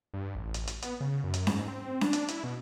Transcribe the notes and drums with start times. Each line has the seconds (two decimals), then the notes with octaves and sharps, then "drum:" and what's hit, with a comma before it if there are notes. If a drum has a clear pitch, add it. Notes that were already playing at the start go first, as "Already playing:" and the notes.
0.14 G2
0.35 A1
0.54 drum: hi-hat
0.67 drum: hi-hat
0.82 B3, drum: hi-hat
1.01 C#3
1.24 F#2
1.34 drum: hi-hat
1.47 G#2, drum: snare C#4
1.68 C4
2.01 D4, drum: snare C#4
2.13 drum: hi-hat
2.28 E4, drum: hi-hat
2.44 B2